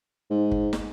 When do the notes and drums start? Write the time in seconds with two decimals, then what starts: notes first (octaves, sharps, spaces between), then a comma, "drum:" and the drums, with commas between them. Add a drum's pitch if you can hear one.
0.30 G#2
0.51 drum: kick
0.73 drum: snare